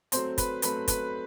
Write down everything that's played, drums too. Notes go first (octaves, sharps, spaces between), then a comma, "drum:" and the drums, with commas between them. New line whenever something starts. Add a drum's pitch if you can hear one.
F#3 A3 C4 C5 C6, drum: hi-hat
B4 B5, drum: kick, hi-hat
F#3 A3 C4 B4 B5, drum: hi-hat
B4 B5, drum: kick, hi-hat